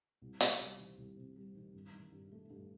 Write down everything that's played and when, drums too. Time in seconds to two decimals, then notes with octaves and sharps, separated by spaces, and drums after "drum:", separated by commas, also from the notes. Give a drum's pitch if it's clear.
0.22 C2
0.40 C3, drum: hi-hat
0.60 G3
0.79 D#3
0.98 C2
1.17 C3
1.36 G3
1.55 D#3
1.74 G2
1.93 D#3
2.12 G2
2.32 A3
2.50 G2